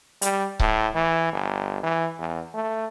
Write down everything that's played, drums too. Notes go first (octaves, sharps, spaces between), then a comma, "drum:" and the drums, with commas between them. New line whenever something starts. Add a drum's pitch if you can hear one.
G3, drum: hi-hat
A2, drum: kick C#1
E3
G1
E3
E2
A3